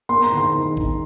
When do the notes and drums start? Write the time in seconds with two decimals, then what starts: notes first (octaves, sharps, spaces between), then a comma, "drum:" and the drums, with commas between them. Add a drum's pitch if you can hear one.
0.09 A#3 C6
0.23 A#5
0.32 D#3
0.37 C6
0.54 D#3
0.77 D#4, drum: kick